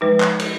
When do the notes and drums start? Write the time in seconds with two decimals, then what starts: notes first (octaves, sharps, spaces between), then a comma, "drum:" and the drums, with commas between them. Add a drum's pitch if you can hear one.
0.01 F3 G#3 D#4 B4
0.20 drum: clap
0.39 drum: cymbal